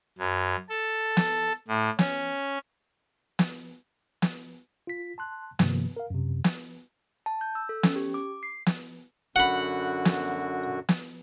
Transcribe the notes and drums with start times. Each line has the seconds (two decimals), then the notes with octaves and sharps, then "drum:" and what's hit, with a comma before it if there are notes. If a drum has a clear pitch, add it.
0.18 F#2
0.69 A4
1.17 drum: snare
1.68 A2
1.99 C#4, drum: snare
3.39 drum: snare
4.22 drum: snare
4.87 F4 B6
5.18 A5 C6 F#6
5.59 G2 C3 D#3 F3 A#3, drum: snare
5.96 A#4 F5
6.10 F#2 C3
6.44 drum: snare
7.26 A5
7.41 G6
7.55 E6
7.69 A4
7.83 C#4, drum: snare
7.96 G4
8.14 D6
8.43 C7
8.66 drum: snare
9.36 F#2 D3 F#4 F#5 B5
10.05 drum: snare
10.89 drum: snare